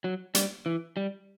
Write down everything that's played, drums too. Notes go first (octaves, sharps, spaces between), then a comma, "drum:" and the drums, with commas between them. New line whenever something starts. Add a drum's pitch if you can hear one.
F#3
G3, drum: hi-hat
E3
G3